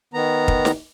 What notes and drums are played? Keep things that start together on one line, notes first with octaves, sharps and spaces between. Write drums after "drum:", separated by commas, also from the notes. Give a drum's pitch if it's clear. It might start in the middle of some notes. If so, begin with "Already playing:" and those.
D#3 B3 A#5
drum: kick
drum: snare